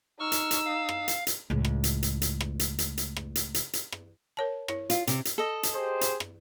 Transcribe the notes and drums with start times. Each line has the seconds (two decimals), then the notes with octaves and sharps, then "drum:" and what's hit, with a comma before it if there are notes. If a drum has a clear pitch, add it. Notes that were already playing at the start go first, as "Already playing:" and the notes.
0.20 D#4 C#6 E6 F6
0.32 drum: hi-hat
0.51 drum: hi-hat
0.65 F5
0.89 drum: rim click
1.08 drum: hi-hat
1.27 drum: hi-hat
1.50 C#2 A2
1.65 drum: rim click
1.84 drum: hi-hat
2.03 drum: hi-hat
2.22 drum: hi-hat
2.41 drum: rim click
2.60 drum: hi-hat
2.79 drum: hi-hat
2.98 drum: hi-hat
3.16 drum: rim click
3.35 drum: hi-hat
3.54 drum: hi-hat
3.73 drum: hi-hat
3.92 drum: rim click
4.37 A#4 C#5 A5
4.68 E4 C#5, drum: rim click
4.90 F4, drum: hi-hat
5.07 C3, drum: hi-hat
5.25 drum: hi-hat
5.38 A4 D#5
5.63 drum: hi-hat
5.74 G4 G#4 C5
6.01 drum: hi-hat
6.20 drum: rim click